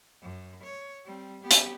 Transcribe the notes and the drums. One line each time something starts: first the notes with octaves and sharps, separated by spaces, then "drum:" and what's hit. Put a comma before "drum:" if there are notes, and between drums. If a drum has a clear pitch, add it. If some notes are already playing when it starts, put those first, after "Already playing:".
F#2
C#5
G3 C4
B3 G4
drum: hi-hat